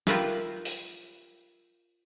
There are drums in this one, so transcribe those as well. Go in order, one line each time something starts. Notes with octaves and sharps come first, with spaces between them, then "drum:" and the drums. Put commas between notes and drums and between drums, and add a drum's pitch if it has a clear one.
F4 G4 A#4 B4 E5 F5, drum: snare
drum: open hi-hat